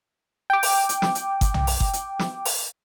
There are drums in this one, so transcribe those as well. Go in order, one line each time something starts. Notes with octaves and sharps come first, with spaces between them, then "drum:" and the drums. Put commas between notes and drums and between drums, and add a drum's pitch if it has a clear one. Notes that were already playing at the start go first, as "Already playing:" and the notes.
G5 D6
drum: open hi-hat
drum: hi-hat
drum: snare
drum: hi-hat
drum: kick G1, hi-hat
drum: tom B1
drum: open hi-hat
drum: kick G1
drum: hi-hat
drum: snare
drum: open hi-hat